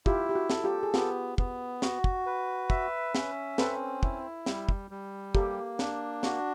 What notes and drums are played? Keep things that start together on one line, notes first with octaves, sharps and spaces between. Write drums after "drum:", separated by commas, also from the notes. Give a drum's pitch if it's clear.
E4 F4 G4, drum: kick
G4
F#4
A4, drum: snare
F4 G4
G#4
B3 F4 G4, drum: snare
B3, drum: kick
F#4, drum: snare
drum: kick
B4
E5, drum: kick
C#4, drum: snare
C4 A4 B4, drum: snare
E4, drum: kick
G3, drum: snare
drum: kick
G3
A#3 G4 A4, drum: kick
D4, drum: snare
F#4, drum: snare